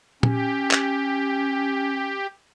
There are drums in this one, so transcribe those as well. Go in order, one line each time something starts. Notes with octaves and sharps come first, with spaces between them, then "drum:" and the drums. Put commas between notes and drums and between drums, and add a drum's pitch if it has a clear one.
C#4 G4, drum: tom A#2
drum: clap